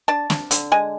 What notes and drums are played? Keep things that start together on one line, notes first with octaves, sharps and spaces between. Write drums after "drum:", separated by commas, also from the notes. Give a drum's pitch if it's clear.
D4 A5
D4, drum: snare
D3, drum: hi-hat
G#3 G#5